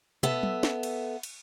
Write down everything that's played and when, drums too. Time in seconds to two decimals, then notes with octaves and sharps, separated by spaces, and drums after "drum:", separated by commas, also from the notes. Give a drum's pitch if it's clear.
0.23 B3 A4 E5, drum: tom
0.43 drum: tom F#3
0.63 drum: snare
0.83 drum: cymbal
1.23 drum: cymbal